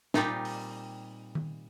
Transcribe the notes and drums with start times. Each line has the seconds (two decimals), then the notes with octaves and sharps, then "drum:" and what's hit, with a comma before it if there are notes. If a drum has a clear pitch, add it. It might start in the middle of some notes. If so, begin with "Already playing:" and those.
0.14 A#2 G3 C4 D#4 F4, drum: snare
0.45 drum: open hi-hat
1.35 drum: tom D#3